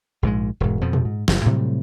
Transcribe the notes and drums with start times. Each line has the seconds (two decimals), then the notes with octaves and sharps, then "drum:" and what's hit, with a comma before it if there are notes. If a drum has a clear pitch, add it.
0.23 A#1 G#2 F3 G#3
0.60 E1 G#2
0.81 F2 B2 F3
0.93 drum: tom A#2
1.05 G#2
1.28 F#1 G2, drum: snare
1.46 A2 C3 F#3 G3